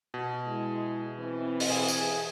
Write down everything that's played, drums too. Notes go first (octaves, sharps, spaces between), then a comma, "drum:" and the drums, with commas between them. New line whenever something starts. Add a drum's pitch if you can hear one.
B2
G#3 E4
E3 C4
drum: open hi-hat
G#4
drum: tambourine